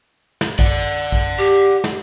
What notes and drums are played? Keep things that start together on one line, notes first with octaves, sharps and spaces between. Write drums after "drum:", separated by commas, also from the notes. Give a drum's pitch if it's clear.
drum: snare
D5 F#5, drum: kick
drum: kick
G4
drum: snare